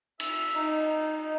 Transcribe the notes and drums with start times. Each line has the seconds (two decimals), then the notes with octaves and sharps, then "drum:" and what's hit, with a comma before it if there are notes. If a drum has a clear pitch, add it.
0.20 E5, drum: cymbal
0.55 D#4